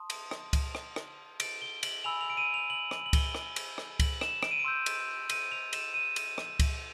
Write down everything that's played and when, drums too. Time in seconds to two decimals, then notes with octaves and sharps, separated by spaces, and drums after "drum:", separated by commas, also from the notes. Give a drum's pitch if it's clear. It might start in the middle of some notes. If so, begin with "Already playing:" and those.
Already playing: A5 C6 D#6
0.10 drum: cymbal
0.31 drum: rim click
0.53 drum: kick C#2, cymbal
0.75 drum: rim click
0.96 drum: rim click
1.40 D7, drum: cymbal
1.62 G7
1.83 F#7, drum: cymbal
2.04 G#5 B5 E6 F7
2.21 F7
2.30 D7
2.37 D#7
2.54 F7
2.70 F#7
2.91 drum: rim click
3.06 F#7
3.13 G7, drum: kick C#2, cymbal
3.35 drum: rim click
3.56 drum: cymbal
3.78 drum: rim click
4.00 F#7, drum: kick C#2, cymbal
4.21 E7, drum: rim click
4.43 D7, drum: rim click
4.51 D#7
4.59 D7
4.64 C6 E6 G6
4.86 drum: cymbal
5.30 D#7, drum: cymbal
5.52 F7
5.73 E7, drum: cymbal
5.94 D#7
6.16 drum: cymbal
6.38 drum: rim click
6.60 drum: kick C#2, cymbal